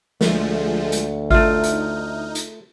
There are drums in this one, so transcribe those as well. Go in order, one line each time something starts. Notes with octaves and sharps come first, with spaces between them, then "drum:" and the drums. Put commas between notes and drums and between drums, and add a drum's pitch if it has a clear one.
D2 F3 G#3 A3, drum: snare
drum: hi-hat
A3 D#4 F4 E5 F6, drum: kick G#1
drum: hi-hat
drum: hi-hat